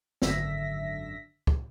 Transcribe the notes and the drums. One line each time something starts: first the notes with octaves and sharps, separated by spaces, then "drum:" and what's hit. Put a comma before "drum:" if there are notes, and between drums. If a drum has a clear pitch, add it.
G#1 F#2 D3 E5 A#6 B6, drum: snare
drum: kick